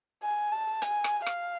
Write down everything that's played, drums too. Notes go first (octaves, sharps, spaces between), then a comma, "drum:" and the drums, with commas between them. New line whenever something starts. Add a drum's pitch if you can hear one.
G#5
A5
G#5, drum: hi-hat
drum: rim click
F5, drum: rim click